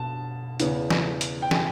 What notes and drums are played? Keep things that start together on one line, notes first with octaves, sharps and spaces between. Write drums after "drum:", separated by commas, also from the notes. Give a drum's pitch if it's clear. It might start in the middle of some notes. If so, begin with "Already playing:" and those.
Already playing: B2 A5
E2 C#3 E3, drum: hi-hat
drum: snare
drum: hi-hat
G5
G#5, drum: snare